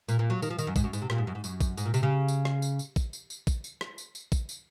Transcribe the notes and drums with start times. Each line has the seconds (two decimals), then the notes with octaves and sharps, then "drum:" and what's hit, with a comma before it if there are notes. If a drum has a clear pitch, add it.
0.08 A#2, drum: tambourine
0.19 A#2
0.30 F#3
0.42 D#3, drum: tambourine
0.50 F3
0.58 D#3, drum: tambourine
0.67 F#2
0.76 G#2, drum: kick, tambourine
0.84 F#2
0.93 G#2, drum: tambourine
1.02 C3
1.10 A#2, drum: rim click
1.18 G#2
1.27 F#2
1.35 G#2
1.44 F#2, drum: tambourine
1.61 drum: kick, tambourine
1.77 G#2, drum: tambourine
1.86 A#2
1.94 C3, drum: tambourine
2.03 C#3
2.28 drum: tambourine
2.45 drum: rim click
2.62 drum: tambourine
2.79 drum: tambourine
2.96 drum: kick, tambourine
3.13 drum: tambourine
3.30 drum: tambourine
3.47 drum: kick, tambourine
3.64 drum: tambourine
3.81 drum: rim click
3.98 drum: tambourine
4.15 drum: tambourine
4.32 drum: kick, tambourine
4.49 drum: tambourine